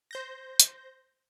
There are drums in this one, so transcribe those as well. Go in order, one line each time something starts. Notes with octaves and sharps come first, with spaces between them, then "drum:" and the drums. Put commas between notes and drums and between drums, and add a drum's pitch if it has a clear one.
C5 G6 A#6
drum: hi-hat